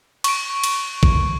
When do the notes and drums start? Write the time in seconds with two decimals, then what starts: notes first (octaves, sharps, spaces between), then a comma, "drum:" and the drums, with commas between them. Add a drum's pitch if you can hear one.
0.24 C#6 D7, drum: cymbal
0.64 drum: cymbal
1.03 drum: kick